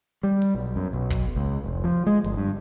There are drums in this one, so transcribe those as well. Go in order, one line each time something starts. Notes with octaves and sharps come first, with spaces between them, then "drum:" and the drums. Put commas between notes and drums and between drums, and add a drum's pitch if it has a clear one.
G3
drum: open hi-hat
B1
F#2
B1
drum: kick, hi-hat
C#2
F1
F3
G#3
G1, drum: open hi-hat
G2